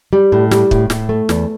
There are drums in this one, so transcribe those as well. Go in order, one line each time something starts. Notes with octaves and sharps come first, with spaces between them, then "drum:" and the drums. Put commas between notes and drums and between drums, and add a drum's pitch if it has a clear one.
G3
A2
G3, drum: snare
A2, drum: kick
A2, drum: snare
A3
E2, drum: snare